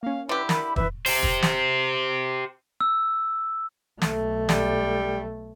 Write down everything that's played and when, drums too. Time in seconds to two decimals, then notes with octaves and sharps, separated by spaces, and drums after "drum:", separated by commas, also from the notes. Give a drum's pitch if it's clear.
0.03 A#3 C#4 F5
0.29 D3 E4 G4 B4
0.49 A#4 B5, drum: snare
0.76 F#2 E3 B4 E5, drum: kick
1.06 G4 C5, drum: open hi-hat
1.23 drum: kick
1.42 drum: snare
2.81 E6
4.02 B1 A3, drum: snare
4.49 G3, drum: snare